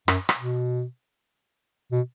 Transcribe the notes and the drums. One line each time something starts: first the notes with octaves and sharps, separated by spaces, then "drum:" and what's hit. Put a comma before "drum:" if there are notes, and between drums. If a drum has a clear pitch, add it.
F#2, drum: rim click
drum: rim click
B2
B2